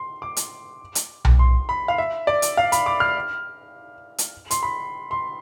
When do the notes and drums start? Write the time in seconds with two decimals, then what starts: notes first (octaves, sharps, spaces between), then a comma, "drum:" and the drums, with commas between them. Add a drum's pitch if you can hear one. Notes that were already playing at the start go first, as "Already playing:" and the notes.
Already playing: C6
0.22 D6
0.37 drum: hi-hat
0.95 drum: hi-hat
1.25 drum: tom B1
1.39 C6
1.69 B5
1.88 F5
1.98 E5
2.27 D5
2.42 drum: hi-hat
2.57 F5
2.72 B5, drum: hi-hat
2.86 D6
3.00 F6
4.18 drum: hi-hat
4.51 C6, drum: hi-hat
4.63 B5
5.11 C6